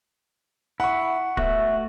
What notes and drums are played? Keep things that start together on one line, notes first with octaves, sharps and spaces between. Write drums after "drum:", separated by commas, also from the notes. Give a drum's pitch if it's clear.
E4 F#5 C#6
A3 B3 F#4 E5, drum: kick